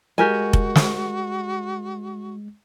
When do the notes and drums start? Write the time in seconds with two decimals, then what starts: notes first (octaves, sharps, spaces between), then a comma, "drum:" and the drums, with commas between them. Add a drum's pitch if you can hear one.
0.18 G#3 F#4 G4 A#4 G#5
0.53 drum: kick F1
0.75 drum: snare